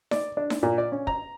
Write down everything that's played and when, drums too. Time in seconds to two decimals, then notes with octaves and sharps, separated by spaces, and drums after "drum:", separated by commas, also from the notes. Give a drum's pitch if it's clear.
0.11 D5, drum: snare D#4
0.37 D4
0.50 drum: snare D#4
0.63 A#2
0.78 D5
0.92 C#4
1.07 A#5, drum: kick